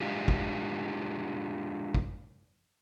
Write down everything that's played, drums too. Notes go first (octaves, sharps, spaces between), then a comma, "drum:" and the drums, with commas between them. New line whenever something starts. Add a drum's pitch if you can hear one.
G#3 D4 F4 G4 G#4
drum: kick
drum: kick